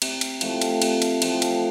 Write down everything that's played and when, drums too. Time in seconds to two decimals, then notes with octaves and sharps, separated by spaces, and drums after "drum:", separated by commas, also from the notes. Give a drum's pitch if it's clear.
0.02 C3, drum: cymbal
0.21 drum: cymbal
0.41 F3 A3 C4, drum: cymbal
0.61 drum: cymbal
0.82 C3, drum: cymbal
1.02 drum: cymbal
1.22 F3 A3 C4, drum: cymbal
1.42 drum: cymbal